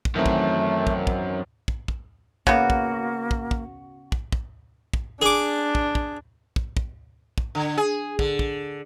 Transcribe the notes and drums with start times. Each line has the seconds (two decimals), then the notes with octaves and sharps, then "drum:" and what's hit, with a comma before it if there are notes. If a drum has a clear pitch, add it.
0.05 drum: kick
0.15 F#2 D#3 E3 A3 C4
0.26 drum: kick
0.87 drum: kick
1.07 drum: kick
1.68 drum: kick
1.88 drum: kick
2.47 C#3 A#3 B3 F#4, drum: kick
2.70 drum: kick
3.31 drum: kick
3.51 drum: kick
4.12 drum: kick
4.32 drum: kick
4.93 drum: kick
5.22 D4 G#4 D6
5.75 drum: kick
5.95 drum: kick
6.56 drum: kick
6.77 drum: kick
7.38 drum: kick
7.55 D3
7.77 G#4
8.19 D3, drum: kick
8.39 drum: kick